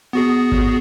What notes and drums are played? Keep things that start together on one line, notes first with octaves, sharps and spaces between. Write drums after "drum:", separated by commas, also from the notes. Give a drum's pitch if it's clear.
B3 F#4 G#4
drum: kick G#1